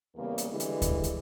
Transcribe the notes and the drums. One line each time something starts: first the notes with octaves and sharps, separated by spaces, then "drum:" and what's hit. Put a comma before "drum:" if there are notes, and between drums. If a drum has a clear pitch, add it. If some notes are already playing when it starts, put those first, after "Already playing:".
E2 C#3 G3 A#3
drum: hi-hat
D3 E3 G3 G#3
drum: hi-hat
drum: kick D2, hi-hat
drum: hi-hat